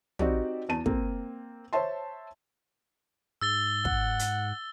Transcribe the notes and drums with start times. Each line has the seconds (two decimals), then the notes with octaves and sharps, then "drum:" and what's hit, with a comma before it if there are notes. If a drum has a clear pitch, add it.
0.19 C4 D#4 F#4 G4 D5, drum: tom
0.69 E2 A5 D#7
0.86 A#3 C4, drum: kick
1.73 C5 C#5 E5 A5 C6
3.41 G#2 E6 A6 G7
3.85 F#5, drum: kick
4.19 drum: hi-hat